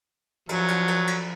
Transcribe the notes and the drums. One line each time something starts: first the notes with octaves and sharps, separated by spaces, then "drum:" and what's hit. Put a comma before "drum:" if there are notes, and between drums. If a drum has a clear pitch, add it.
F3 F#3, drum: cymbal
drum: cymbal
drum: cymbal
drum: cymbal